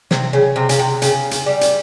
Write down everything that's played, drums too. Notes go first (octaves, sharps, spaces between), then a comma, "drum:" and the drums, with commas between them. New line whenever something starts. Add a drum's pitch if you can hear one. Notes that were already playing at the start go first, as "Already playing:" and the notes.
C3, drum: snare
C#3
C3
C#3, drum: hi-hat
C3
C#3, drum: hi-hat
drum: hi-hat
G3
drum: hi-hat